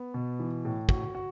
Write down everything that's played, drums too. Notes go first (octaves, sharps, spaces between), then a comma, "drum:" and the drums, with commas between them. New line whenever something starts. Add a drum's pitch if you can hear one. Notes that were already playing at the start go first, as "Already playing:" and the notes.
Already playing: B3
B2
E3
A2
F#4, drum: kick
F#4